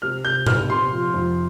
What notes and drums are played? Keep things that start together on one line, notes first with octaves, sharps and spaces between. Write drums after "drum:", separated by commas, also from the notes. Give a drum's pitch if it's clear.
C3 F6
C3 G6
C3 F6, drum: tom A2
C3 C6
F3
F2